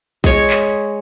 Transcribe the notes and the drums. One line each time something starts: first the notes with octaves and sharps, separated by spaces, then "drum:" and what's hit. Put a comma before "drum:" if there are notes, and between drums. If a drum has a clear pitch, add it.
G#3 C#5, drum: kick
drum: clap